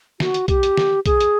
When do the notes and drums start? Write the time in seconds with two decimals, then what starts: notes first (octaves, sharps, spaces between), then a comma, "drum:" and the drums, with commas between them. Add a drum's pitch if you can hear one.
0.20 F#4, drum: snare
0.34 drum: hi-hat
0.48 G4, drum: kick, hi-hat
0.63 drum: hi-hat
0.77 drum: snare
1.06 G#4, drum: kick, hi-hat
1.21 drum: hi-hat